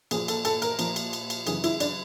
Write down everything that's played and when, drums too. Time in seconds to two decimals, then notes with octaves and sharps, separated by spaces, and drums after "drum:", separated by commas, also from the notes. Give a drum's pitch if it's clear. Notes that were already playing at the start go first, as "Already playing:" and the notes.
0.11 A#2 F3 G#4, drum: cymbal
0.28 A4, drum: cymbal
0.45 A4, drum: cymbal
0.62 A#4, drum: cymbal
0.79 A#2 F3, drum: cymbal
0.96 drum: cymbal
1.13 drum: cymbal
1.30 drum: cymbal
1.47 F#2 C#3 E3 G#4, drum: cymbal
1.64 E4, drum: cymbal
1.80 D4, drum: cymbal